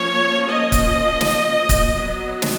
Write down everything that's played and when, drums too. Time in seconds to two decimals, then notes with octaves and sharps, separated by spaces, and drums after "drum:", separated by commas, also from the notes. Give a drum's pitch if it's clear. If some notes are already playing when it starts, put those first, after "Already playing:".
Already playing: F3 A#3 C#4 C#5
0.47 D#5
0.72 drum: kick, hi-hat
1.21 drum: snare
1.69 drum: kick, hi-hat
1.94 F#3 B3
2.42 drum: snare